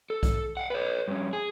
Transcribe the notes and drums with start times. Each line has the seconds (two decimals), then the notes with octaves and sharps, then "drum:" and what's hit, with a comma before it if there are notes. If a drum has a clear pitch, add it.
0.10 A4
0.23 drum: kick B1, hi-hat
0.57 F5 F#5
0.70 B4 C#5
1.08 G2 C#4
1.33 G#4